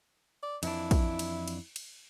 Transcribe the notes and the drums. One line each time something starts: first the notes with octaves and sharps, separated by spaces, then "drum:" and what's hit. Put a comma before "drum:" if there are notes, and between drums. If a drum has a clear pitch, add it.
D5
F2 E3 D4 E4, drum: cymbal
drum: kick, cymbal
drum: cymbal
drum: cymbal
drum: cymbal